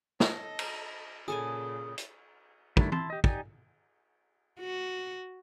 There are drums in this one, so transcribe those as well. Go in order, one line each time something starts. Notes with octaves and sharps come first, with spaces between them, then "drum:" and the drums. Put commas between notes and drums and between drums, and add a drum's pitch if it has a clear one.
D#4 A4 C#5 D#5, drum: snare
drum: cymbal
A#2 C#3 G#4 A4 G#5 D#6
drum: hi-hat
D#3 G3 A3 D4 E4, drum: kick
E4 A5 C6, drum: tom
G4 D#5
D#4 G4 D5 G#5, drum: kick
F#4